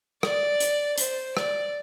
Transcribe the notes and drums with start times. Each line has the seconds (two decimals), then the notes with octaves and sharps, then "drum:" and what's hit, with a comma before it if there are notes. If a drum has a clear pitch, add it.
0.23 D5, drum: rim click
0.60 drum: hi-hat
0.98 C5, drum: hi-hat
1.37 D5, drum: rim click